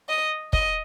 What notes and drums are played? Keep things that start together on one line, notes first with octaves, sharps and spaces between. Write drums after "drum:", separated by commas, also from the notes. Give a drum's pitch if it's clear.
D#5
D#5, drum: kick